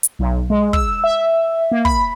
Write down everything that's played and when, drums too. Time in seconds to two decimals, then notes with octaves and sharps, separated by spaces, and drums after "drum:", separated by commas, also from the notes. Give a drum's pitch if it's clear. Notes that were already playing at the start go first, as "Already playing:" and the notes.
0.03 drum: hi-hat
0.19 B1
0.50 G#3
0.73 E6, drum: kick
1.04 E5
1.71 A#3
1.85 B5, drum: kick